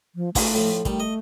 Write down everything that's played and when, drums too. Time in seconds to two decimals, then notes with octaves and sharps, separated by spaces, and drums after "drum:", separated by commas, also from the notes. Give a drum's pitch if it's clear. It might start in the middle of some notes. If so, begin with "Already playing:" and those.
0.15 F3
0.35 A3 D4 D#4 F4, drum: kick, open hi-hat
0.54 A2 F3
0.85 D#3 G3 A3, drum: kick, hi-hat
1.00 D#5